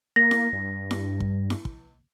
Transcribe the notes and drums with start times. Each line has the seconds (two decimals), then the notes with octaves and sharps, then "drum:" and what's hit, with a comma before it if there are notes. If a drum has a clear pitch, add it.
0.16 A#3 A#6
0.31 drum: snare E4
0.53 G2
0.91 drum: snare E4
1.20 drum: kick
1.50 drum: snare E4
1.65 drum: kick